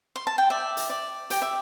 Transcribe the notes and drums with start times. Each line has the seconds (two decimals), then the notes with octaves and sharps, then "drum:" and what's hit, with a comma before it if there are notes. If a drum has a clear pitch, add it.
0.16 C6
0.27 A5
0.38 G5
0.50 D5 E5
0.77 drum: hi-hat
0.90 D5
1.30 G4 G5, drum: hi-hat
1.42 E5